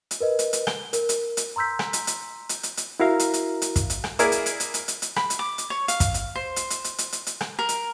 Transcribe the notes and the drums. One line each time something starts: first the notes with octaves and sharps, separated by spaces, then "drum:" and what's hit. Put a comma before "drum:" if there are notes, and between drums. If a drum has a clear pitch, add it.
drum: hi-hat
A#4 B4 D#5
drum: hi-hat
drum: hi-hat
G7, drum: rim click
A#4, drum: hi-hat
drum: hi-hat
drum: hi-hat
A#5 C6 E6 G6 B6
drum: rim click
drum: hi-hat
drum: hi-hat
drum: hi-hat
drum: hi-hat
drum: hi-hat
E4 F#4 A#4 E5 F5 A#5
drum: hi-hat
drum: hi-hat
drum: hi-hat
drum: kick, hi-hat
drum: hi-hat
drum: rim click
A#3 E4 G#4 A#4 D5 G#5, drum: hi-hat
drum: hi-hat
drum: hi-hat
drum: hi-hat
drum: hi-hat
drum: hi-hat
drum: hi-hat
B5, drum: rim click
drum: hi-hat
D6
drum: hi-hat
C#5
F5, drum: hi-hat
drum: kick, hi-hat
drum: hi-hat
C5
drum: hi-hat
drum: hi-hat
drum: hi-hat
drum: hi-hat
drum: hi-hat
drum: hi-hat
drum: rim click
A#4
drum: hi-hat